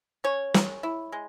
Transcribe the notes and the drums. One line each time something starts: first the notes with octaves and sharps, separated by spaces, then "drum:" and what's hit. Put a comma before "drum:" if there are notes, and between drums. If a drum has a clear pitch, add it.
C#4 C#5
G#3, drum: snare
E4
G#3